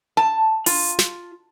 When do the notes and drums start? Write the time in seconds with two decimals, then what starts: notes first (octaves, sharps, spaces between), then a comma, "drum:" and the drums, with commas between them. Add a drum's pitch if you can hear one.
0.17 A5
0.66 F4, drum: open hi-hat
0.99 drum: snare